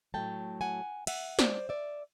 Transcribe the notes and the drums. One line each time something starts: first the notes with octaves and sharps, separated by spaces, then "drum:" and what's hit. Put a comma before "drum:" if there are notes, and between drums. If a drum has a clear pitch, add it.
A2 F#3 A3 G5 A5
F#5 G#5
E5 F#5, drum: cymbal
C5 D5, drum: snare
D5 E5